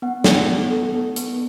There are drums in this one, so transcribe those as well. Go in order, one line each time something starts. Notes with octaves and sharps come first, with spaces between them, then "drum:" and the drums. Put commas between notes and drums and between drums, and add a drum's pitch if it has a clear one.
B3 F#5
B3, drum: snare
B3
A4
B3
B3, drum: hi-hat